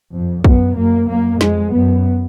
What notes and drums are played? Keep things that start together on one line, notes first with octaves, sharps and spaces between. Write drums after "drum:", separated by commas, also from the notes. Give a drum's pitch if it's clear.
F2
F#2 B3, drum: kick
F#2 A#3
F#2 A#3
F2 G#3, drum: snare
F#2 B3